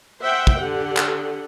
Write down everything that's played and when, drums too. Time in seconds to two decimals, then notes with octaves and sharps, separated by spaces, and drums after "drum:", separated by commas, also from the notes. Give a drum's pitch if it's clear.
0.22 C5 E5 F#5 G5
0.47 drum: kick
0.58 D3 G4 F#5
0.97 drum: clap